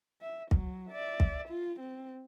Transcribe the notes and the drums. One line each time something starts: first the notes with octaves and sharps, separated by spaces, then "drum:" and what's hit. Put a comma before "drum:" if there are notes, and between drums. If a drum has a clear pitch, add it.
E5
F#3, drum: kick
D5 E5
drum: kick
F4
C4